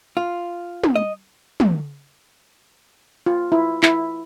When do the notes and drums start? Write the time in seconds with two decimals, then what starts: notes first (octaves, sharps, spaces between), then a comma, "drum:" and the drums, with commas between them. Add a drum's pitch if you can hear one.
0.17 F4
0.84 drum: tom
0.96 D#5
1.60 drum: tom
3.26 F4
3.52 E4
3.83 E4, drum: clap